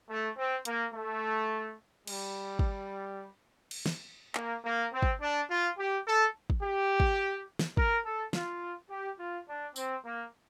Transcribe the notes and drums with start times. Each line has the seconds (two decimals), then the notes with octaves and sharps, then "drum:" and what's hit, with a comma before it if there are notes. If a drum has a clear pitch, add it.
0.09 A3
0.37 C4
0.65 A#3, drum: hi-hat
0.95 A3
2.07 G3, drum: cymbal
2.59 drum: kick
3.71 drum: cymbal
3.86 drum: snare
4.35 A#3, drum: clap
4.65 A#3
4.93 C4
5.03 drum: kick
5.21 D4
5.49 F4
5.78 G4
6.06 A4
6.50 drum: kick
6.62 G4
7.00 drum: kick
7.59 drum: snare
7.77 A#4, drum: kick
8.05 A4
8.33 F4, drum: snare
8.90 G4
9.18 F4
9.48 D4
9.76 C4, drum: tambourine
10.04 A#3